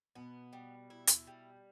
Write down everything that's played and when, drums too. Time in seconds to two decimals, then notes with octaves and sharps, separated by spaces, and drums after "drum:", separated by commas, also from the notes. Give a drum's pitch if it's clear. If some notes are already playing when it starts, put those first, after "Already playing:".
0.15 B2 B3
0.53 G3
0.90 E4
1.07 drum: hi-hat
1.27 G3